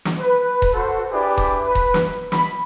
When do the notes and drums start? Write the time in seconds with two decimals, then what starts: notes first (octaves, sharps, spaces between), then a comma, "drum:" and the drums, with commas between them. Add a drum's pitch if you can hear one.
0.05 drum: snare
0.18 B4
0.62 drum: kick D#1
0.73 F#4 A4 C5
1.11 D4 E4 G4 G#4 B4 D5
1.37 drum: kick D#1
1.65 B4
1.75 drum: kick D#1
1.94 drum: snare
2.32 B5, drum: snare